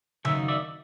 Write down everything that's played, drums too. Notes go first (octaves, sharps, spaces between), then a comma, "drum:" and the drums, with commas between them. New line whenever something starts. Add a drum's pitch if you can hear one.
F#2 D#3 F#3 A#3 D#4 E5, drum: tom C#3
D5 E5